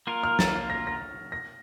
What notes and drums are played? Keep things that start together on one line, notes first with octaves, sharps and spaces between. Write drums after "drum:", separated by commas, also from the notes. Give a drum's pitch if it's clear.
A#3 F4 A#4
F6
A6, drum: snare
A#6
A#6
A#6